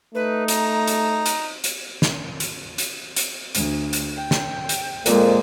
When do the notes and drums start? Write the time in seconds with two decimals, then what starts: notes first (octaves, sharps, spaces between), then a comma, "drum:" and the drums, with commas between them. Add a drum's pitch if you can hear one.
0.15 A3 D#4 B4
0.48 A#5, drum: hi-hat
0.87 drum: hi-hat
1.26 drum: hi-hat
1.64 drum: hi-hat
2.02 drum: snare
2.40 drum: hi-hat
2.78 drum: hi-hat
3.16 drum: hi-hat
3.55 D2, drum: hi-hat
3.93 drum: hi-hat
4.16 G5
4.31 drum: snare
4.69 drum: hi-hat
5.06 F2 A#2 G#3 A#3, drum: hi-hat